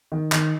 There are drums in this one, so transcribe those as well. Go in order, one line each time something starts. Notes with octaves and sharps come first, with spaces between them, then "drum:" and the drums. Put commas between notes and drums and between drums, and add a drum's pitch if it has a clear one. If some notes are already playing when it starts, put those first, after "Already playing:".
D#3
D#3, drum: clap